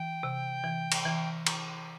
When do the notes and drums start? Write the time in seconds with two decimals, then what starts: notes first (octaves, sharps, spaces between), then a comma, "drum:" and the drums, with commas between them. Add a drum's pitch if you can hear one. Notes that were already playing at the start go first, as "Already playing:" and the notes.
Already playing: E3 G5
0.23 C3
0.64 E3
0.92 drum: cymbal
1.05 E3
1.47 drum: cymbal